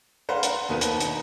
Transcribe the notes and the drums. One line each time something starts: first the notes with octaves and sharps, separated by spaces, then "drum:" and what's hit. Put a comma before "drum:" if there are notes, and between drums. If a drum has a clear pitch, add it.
B4 C5 F5 F#5 A#5
drum: hi-hat
D#2 B2 A#3 B4 D#7
drum: hi-hat
D#4, drum: hi-hat